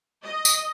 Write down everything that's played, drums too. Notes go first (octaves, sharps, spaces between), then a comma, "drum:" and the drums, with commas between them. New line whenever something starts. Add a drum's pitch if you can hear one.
D#5
drum: tambourine